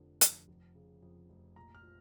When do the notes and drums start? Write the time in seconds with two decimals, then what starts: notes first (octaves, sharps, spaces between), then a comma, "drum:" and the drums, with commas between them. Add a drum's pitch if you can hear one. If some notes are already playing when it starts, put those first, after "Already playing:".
Already playing: F1 F2 D3
0.21 F1, drum: hi-hat
0.48 F1
0.75 C#3
1.02 F2
1.30 F1
1.56 A#1 A#5
1.75 F6
1.83 F3